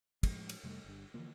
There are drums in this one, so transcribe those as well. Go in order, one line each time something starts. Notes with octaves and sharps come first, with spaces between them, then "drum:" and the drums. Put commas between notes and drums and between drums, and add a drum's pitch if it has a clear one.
A2 F3 G#3, drum: kick, cymbal
drum: cymbal
F2 C3 G3 A3
G1 G2
D3 E3 F3 A#3